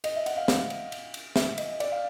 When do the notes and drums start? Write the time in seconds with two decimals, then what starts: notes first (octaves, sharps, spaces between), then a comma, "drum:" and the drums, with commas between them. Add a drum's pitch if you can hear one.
0.04 D#5, drum: cymbal
0.16 E5
0.26 F#5, drum: cymbal
0.37 F5
0.48 drum: snare
0.70 drum: cymbal
0.92 drum: cymbal
1.14 drum: cymbal
1.36 E5, drum: snare
1.58 D#5, drum: cymbal
1.80 D5, drum: cymbal
1.92 F5